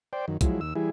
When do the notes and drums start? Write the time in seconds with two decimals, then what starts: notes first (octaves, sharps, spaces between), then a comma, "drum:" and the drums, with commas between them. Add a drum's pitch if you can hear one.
0.13 C5 D5 G5
0.28 F#2 D#3
0.41 F3 F#3 G#3 E4, drum: kick, hi-hat
0.61 D#2 E6
0.76 E3 G3 E4 G#4